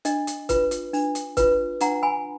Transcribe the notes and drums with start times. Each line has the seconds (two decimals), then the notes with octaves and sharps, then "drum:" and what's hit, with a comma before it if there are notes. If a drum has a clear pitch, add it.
0.05 D4 D#5, drum: hi-hat
0.27 drum: hi-hat
0.49 F4 B4, drum: kick, hi-hat
0.71 drum: hi-hat
0.93 D4, drum: open hi-hat
1.15 drum: hi-hat
1.37 F4 B4, drum: kick, hi-hat
1.81 D4 F#5 A#5, drum: hi-hat
2.03 G#5 B5